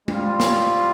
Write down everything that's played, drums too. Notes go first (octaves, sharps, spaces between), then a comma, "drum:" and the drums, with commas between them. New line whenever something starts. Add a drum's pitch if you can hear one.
G3 C4 F4, drum: tom G#3
C#4 C#5, drum: snare